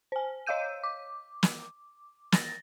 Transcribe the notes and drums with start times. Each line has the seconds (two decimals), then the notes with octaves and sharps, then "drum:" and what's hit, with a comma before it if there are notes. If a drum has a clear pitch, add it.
0.12 C5 G#5
0.47 C#5 D#5 F5 E6 G6 D#7
0.84 D6
1.43 drum: snare
2.32 A6 A#6, drum: snare